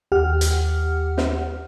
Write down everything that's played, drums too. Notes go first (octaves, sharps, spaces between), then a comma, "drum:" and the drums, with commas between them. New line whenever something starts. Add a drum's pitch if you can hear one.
D#2 G4 F#5 F6
drum: hi-hat
drum: snare